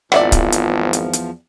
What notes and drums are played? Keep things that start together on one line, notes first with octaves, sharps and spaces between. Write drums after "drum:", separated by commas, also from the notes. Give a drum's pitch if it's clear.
G#1 E2 F3 D5 E5 F#5, drum: rim click
drum: kick C#1, hi-hat
drum: hi-hat
drum: hi-hat
drum: hi-hat